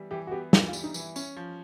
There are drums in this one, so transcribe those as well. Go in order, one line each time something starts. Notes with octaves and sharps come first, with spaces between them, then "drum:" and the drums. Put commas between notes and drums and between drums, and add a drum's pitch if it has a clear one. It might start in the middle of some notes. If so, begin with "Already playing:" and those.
Already playing: E3 G3 B3
E3 G4
F#4
B3 G4
E3 F4, drum: snare
F4
G3, drum: tambourine
D#4
E3, drum: tambourine
E4
C#4, drum: tambourine
F3